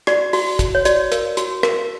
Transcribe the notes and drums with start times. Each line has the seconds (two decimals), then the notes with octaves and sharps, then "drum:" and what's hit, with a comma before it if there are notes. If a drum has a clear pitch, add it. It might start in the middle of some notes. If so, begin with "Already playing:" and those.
0.07 F#4 D5, drum: rim click
0.33 F#4, drum: open hi-hat
0.59 F#4, drum: kick, hi-hat
0.75 C#5
0.85 F#4 D5, drum: hi-hat
1.12 A#4, drum: hi-hat
1.37 F#4, drum: hi-hat
1.63 A#4, drum: rim click